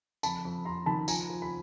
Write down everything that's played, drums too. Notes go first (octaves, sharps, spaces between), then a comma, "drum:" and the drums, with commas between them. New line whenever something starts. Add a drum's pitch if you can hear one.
F2 A5 B5, drum: tambourine
F2
F2 A#5 C6
D#3 A5 B5
F3 G#5 A#5, drum: tambourine
F3
B5